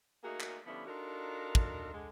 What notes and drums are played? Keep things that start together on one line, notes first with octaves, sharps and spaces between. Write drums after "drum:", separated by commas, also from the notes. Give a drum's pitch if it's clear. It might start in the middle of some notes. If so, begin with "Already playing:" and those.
A3 A#3 D#4 F#4 G#4
drum: clap
D3 F3 G3 B3 C#4 E4
D4 D#4 F4 F#4 A4 A#4
drum: kick
D3 G#3